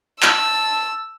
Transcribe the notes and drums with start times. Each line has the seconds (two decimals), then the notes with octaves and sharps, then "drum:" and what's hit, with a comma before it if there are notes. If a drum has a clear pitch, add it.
0.22 A5 E6, drum: clap